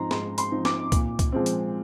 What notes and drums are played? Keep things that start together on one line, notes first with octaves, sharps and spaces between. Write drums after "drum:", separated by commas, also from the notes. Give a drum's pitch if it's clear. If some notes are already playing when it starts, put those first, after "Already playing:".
Already playing: G#2 F3 C4 D#4 A#5 C6
G#2 C6, drum: snare
C6, drum: hi-hat
F3 C4 D#4
D6, drum: snare
A#2, drum: kick C#2, hi-hat
drum: kick C#2, hi-hat
F3 G#3 C4
drum: hi-hat